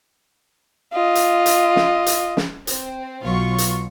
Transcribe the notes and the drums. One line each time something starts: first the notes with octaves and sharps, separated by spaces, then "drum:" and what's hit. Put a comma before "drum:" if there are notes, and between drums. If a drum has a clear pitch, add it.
F4 D#5
drum: hi-hat
drum: hi-hat
drum: snare
drum: hi-hat
drum: snare
C4, drum: hi-hat
B1 B2 F#3 F4 C#6
drum: hi-hat